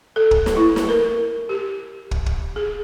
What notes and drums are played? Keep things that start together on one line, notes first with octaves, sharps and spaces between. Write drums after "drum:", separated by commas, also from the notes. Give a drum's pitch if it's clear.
A4
drum: kick
drum: snare
E4
drum: snare
A#4
G4
drum: kick
drum: kick
G#4